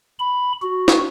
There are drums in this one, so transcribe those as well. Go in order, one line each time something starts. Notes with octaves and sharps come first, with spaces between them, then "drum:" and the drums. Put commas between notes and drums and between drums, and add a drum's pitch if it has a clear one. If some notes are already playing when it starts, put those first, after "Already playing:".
B5
F#4
drum: snare